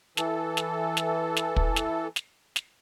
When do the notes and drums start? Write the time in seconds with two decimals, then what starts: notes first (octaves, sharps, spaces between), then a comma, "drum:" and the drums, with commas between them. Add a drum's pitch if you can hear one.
0.17 E3 A4, drum: snare
0.57 drum: snare
0.97 drum: snare
1.37 drum: snare
1.56 drum: kick
1.76 drum: snare
2.16 drum: snare
2.56 drum: snare